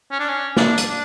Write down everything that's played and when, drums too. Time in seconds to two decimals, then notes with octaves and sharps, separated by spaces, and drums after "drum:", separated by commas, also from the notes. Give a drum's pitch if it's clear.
0.11 C#4
0.20 D4
0.28 C#4
0.57 D4, drum: snare
0.78 drum: hi-hat
0.87 D4